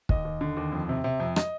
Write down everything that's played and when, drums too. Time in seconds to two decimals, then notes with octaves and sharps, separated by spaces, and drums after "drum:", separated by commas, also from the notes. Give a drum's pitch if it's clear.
0.09 D#2 D#5, drum: kick
0.25 D#2
0.41 D3
0.57 D#2
0.72 F2
0.89 C3
1.04 C3
1.20 F2
1.36 D#5, drum: rim click